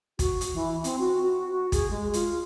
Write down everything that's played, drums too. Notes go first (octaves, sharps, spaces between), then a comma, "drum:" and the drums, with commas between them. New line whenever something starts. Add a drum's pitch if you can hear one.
F#4, drum: kick, hi-hat
drum: hi-hat
E3
C4, drum: hi-hat
F#4
F#4
F#4
G#4, drum: kick, hi-hat
G#3
F4, drum: hi-hat